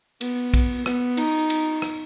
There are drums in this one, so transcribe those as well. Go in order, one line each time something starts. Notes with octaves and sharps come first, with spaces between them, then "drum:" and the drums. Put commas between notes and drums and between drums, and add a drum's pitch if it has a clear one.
B3, drum: cymbal
drum: kick, cymbal
B3, drum: rim click
D#4, drum: cymbal
drum: cymbal
drum: rim click